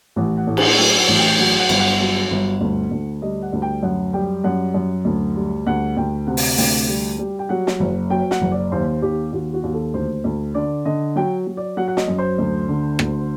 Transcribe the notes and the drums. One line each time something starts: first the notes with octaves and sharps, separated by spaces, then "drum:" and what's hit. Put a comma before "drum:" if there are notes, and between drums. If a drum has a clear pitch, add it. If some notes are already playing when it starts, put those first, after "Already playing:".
A1 F#5
F#5
A2
F#5, drum: cymbal
F#3 G5
F#5
A1
G5
F#3 F#5
F#5
G1, drum: cymbal
F#5
F#3
G1
D2
D2
G3 D#5
F#5
D2
G5
F#2 F#5
G3 G5
F#2 F#5
F#2
D2
G3
D2 F#5
D2 G5
C3 F#5
drum: open hi-hat
D2 G5, drum: open hi-hat
G3
G3
G5
F#3 F#5
drum: snare
F#1
F#3 G5
F#5, drum: snare
F#1
D5
D#2 C5
D#2 G4
D#2 F#4
F#4
D#2
A4
D2 C5
D2
D3 D5
D3 D#5
F#3 G5
F#3
D5
F#3 F#5
F#5
D#5, drum: snare
F#2
C5
D2
D3
D2, drum: rim click